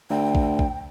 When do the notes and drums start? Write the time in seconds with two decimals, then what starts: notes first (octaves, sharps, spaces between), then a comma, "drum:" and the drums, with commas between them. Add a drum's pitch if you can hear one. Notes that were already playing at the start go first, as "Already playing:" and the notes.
0.10 D2 G5
0.35 drum: kick
0.59 drum: kick